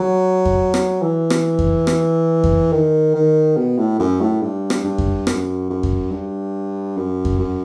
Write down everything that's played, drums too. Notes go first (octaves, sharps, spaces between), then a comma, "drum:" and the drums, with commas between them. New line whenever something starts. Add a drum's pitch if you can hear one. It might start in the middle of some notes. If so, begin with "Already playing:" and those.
Already playing: F#3
drum: kick F2
drum: rim click
E3
drum: rim click
drum: kick F2
drum: rim click
drum: kick F2
D#3
D#3
B2
A2
F#2
A2
G2
drum: rim click
G2
drum: kick F2
F#2, drum: rim click
F#2
drum: kick F2
G2
F#2
drum: kick F2
F#2